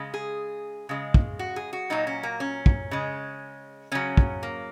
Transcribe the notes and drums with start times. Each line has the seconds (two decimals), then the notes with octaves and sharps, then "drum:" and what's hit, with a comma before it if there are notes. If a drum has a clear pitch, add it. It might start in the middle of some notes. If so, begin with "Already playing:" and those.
Already playing: C#3 G#3
0.14 G#4
0.89 C#3 G#3
1.14 drum: kick
1.39 F#4
1.56 G#4
1.73 F#4
1.90 A#2 F#3 D#4
2.07 C#4
2.23 A#3
2.40 C#4
2.66 drum: kick
2.91 C#3 G#3
3.92 C#3 F#3 C#4
4.17 drum: kick
4.43 A#3